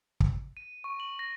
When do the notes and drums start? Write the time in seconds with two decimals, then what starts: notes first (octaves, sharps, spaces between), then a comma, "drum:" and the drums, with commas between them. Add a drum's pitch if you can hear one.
0.20 drum: kick
0.57 D#7
0.84 C#6
1.00 F#7
1.19 A#6